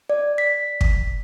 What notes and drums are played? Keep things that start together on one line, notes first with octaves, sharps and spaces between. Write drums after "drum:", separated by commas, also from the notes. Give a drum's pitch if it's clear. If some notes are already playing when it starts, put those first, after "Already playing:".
D5
B6
drum: kick